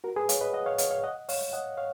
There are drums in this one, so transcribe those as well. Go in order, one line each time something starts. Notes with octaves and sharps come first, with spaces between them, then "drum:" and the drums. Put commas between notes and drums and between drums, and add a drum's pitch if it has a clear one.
F#4 A#4
G#4 B4
C#5 F5, drum: hi-hat
B4 D#5
D#5 F#5
C#5 F5
C#5 F5, drum: hi-hat
C#5 F5
D#5 F#5
C#5 F5, drum: open hi-hat
D#5 F#5
C#5 F5